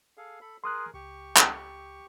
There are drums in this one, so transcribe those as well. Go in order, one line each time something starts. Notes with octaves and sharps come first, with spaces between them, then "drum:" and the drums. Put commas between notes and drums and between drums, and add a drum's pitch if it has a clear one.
G#4 A4 F5
A4 B5
G#4 A#4 C6 D#6 F#6
C#2 G4 C#6
drum: clap